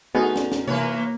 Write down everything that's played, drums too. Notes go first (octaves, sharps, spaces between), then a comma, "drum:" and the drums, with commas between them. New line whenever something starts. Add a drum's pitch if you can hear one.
D3 A3 B3 D#4 F#4 G#4
drum: snare
drum: snare
E3 A#3 B4 C#5, drum: tom C3